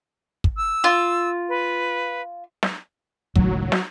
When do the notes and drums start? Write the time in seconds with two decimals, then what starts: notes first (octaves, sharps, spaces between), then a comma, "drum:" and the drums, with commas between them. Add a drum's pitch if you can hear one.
0.44 drum: kick
0.57 E6
0.84 F4
1.49 B4
2.63 drum: snare
3.35 C#2 A2 D#3 F#3, drum: kick
3.72 drum: snare